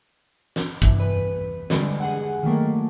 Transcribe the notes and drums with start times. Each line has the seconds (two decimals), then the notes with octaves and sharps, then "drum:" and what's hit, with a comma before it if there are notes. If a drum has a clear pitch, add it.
0.56 drum: snare
0.82 G2 C3 E3, drum: kick
1.00 B4
1.70 D3 G3 G#3, drum: snare
2.00 G#4 F#5
2.43 D#3 F#3 A3 A#3